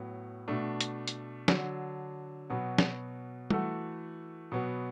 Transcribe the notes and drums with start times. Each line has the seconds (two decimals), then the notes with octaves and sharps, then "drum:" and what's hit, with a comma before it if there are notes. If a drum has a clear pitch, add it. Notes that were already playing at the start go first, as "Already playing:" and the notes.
Already playing: A2 F#3 B3
0.48 B2 A3 D4
0.81 drum: hi-hat
1.08 drum: hi-hat
1.48 D3 F#3 D4, drum: snare
2.50 B2 F#3 B3
2.78 drum: snare
3.50 E3 A3 F#4 A4, drum: tom G3
4.52 B2 F#3 B3